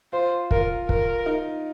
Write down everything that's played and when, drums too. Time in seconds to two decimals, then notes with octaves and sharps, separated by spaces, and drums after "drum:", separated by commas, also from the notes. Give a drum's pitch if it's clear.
0.13 F4 C5
0.51 F4 A#4, drum: kick
0.89 A#4, drum: kick
1.26 D#4